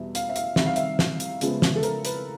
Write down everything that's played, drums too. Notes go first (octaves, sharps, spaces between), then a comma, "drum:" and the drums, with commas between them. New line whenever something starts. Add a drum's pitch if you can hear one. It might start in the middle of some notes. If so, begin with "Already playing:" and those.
Already playing: E2 B2 G3 E5
F5, drum: hi-hat
E5
F5, drum: hi-hat
C3 D#3 G3 E5, drum: snare
F5
E5, drum: hi-hat
drum: snare
drum: hi-hat
C#3 F3 G#3 B3, drum: hi-hat
drum: snare
A4
A#4, drum: hi-hat
B4, drum: hi-hat